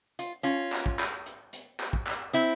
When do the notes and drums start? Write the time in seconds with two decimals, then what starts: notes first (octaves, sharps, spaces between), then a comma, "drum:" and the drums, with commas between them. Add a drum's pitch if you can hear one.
0.19 F4, drum: hi-hat
0.43 C#4 F4, drum: hi-hat
0.72 drum: clap
0.86 drum: kick
0.99 drum: clap
1.26 drum: hi-hat
1.53 drum: hi-hat
1.80 drum: clap
1.93 drum: kick
2.07 drum: clap
2.33 C4 E4, drum: hi-hat